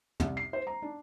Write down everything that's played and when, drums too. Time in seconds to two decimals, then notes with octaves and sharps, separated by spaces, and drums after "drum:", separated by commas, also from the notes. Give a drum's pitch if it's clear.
0.20 C2, drum: tom
0.37 C7
0.53 C5
0.67 A#5
0.82 D4